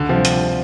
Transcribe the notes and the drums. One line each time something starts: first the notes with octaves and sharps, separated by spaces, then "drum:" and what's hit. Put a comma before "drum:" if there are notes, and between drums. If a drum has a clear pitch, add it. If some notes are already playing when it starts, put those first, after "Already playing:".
Already playing: D2 D3
C3 F3 G3
drum: hi-hat